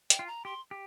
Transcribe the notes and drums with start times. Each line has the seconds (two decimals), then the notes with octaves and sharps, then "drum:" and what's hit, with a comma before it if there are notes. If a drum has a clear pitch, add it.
0.10 G5, drum: hi-hat
0.19 F4
0.27 A#5
0.45 G4 C6
0.71 G4